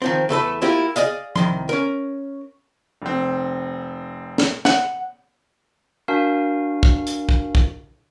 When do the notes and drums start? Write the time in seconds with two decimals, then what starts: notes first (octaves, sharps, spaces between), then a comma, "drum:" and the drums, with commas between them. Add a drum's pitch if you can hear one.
0.02 D#3 F3 C4
0.29 E2 A3 A4 B4
0.62 A#3 E4 F4 G4
0.96 G#4 D5 D#5 F5, drum: hi-hat
1.36 C2 D#3 C6, drum: tom F3
1.69 C#4 A#4
3.02 F1 C4
4.38 drum: snare
4.65 F#5, drum: snare
6.08 D4 F#4 A#4 F5 G#5
6.83 drum: kick
7.07 drum: hi-hat
7.29 drum: kick
7.55 drum: kick